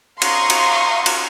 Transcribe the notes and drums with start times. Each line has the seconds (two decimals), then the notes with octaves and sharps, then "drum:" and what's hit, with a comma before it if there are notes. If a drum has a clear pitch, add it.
0.22 F5 A#5 C6 C#6 D#6, drum: cymbal
0.50 drum: cymbal
1.06 drum: cymbal